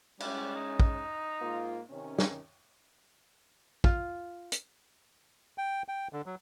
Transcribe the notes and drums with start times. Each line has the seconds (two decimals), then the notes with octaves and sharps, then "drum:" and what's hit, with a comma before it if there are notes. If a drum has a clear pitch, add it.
0.20 G3 G#3 C#4, drum: cymbal
0.55 D#4
0.80 drum: kick
1.41 G#2 A#3 F4
1.89 C3 D#3 C#4
2.19 drum: snare
3.84 F4, drum: kick
4.52 drum: hi-hat
5.58 G5
5.88 G5
6.13 D3
6.26 F#3